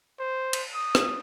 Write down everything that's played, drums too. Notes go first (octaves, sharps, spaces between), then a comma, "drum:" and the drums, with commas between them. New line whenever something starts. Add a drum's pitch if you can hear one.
C5
drum: cymbal
D#6
drum: rim click